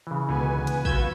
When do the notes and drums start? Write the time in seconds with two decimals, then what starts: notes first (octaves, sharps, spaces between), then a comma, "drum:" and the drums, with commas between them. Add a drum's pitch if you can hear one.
0.07 C#3 E3
0.29 C#2 B2 D3 B3 B4 G#5
0.67 drum: hi-hat
0.85 F4 F#4 B4 E6 G6 G#6, drum: kick